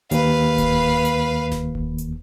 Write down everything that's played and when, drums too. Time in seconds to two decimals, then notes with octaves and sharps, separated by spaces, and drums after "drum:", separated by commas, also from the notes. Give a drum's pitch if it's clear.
0.11 D#2 B4 F5, drum: hi-hat
0.58 drum: kick E1, hi-hat
1.05 drum: hi-hat
1.52 drum: snare E1
1.75 drum: kick E1
1.98 drum: hi-hat